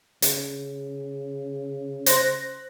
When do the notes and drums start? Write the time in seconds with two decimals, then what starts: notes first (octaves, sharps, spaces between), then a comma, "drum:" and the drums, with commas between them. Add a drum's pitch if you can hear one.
0.22 C#3, drum: hi-hat
2.06 C5 F#6 A#6, drum: hi-hat